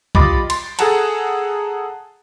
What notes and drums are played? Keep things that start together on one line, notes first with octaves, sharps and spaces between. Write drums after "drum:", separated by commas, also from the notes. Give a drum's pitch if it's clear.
G3 F4 D#5 B5 D6 A6, drum: kick B1
C6, drum: cymbal
G#4 A4 F#5 A5 A#5, drum: cymbal